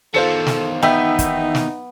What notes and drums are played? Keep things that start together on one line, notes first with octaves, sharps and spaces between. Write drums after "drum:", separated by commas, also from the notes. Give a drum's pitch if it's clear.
E2 D#3 F4 A4 C5 C#7
drum: snare
B3 D#4 E5 G5
drum: kick, hi-hat
drum: snare